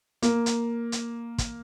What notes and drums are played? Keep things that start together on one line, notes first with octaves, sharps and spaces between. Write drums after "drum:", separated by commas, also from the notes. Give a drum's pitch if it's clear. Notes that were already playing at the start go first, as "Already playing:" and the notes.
A#3, drum: hi-hat
drum: hi-hat
drum: hi-hat
drum: kick, hi-hat